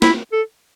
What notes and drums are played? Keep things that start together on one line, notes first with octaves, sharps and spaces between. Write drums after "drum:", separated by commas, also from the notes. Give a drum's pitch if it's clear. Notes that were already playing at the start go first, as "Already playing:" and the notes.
E4, drum: snare
A4